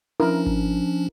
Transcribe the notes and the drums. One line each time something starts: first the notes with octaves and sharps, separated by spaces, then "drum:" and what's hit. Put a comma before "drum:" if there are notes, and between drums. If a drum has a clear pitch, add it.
F3 C#4 D4 E4 A#4
drum: kick G#1